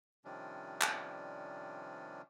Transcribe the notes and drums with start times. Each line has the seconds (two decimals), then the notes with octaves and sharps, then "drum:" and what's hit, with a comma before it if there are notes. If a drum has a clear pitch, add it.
0.25 C3 D#3 F3 G3 C#4 D4
0.81 drum: clap